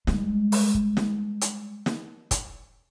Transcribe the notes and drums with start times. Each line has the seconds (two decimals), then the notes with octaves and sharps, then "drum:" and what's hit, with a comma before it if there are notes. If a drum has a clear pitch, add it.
0.07 G3 G#3, drum: snare
0.52 drum: open hi-hat
0.74 drum: kick
0.97 drum: snare
1.41 drum: hi-hat
1.86 drum: snare
2.31 drum: kick, hi-hat